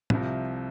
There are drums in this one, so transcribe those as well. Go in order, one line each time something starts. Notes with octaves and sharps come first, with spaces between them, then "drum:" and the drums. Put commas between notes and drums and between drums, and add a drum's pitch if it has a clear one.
C2 C3 F3, drum: tom